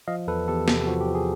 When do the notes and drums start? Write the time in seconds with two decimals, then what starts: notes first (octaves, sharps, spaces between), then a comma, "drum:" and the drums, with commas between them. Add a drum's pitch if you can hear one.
0.08 F3 D#5 F5
0.28 E2 A4 B4
0.48 E2 G4 A4
0.68 C3, drum: snare
0.87 F3 F#4
1.00 G4
1.08 F3
1.15 G#4